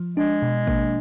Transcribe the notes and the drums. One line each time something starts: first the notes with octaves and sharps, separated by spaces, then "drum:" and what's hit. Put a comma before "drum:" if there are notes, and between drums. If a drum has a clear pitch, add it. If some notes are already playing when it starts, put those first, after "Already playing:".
Already playing: F3
G#3 D4
B2
A#3, drum: kick A1